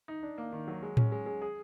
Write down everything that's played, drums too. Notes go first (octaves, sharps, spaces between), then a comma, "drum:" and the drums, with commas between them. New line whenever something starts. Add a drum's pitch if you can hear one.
D#4
D4
A#3
D#3
F#3
G#3
C#4, drum: tom A2
G#3
G#3
G#4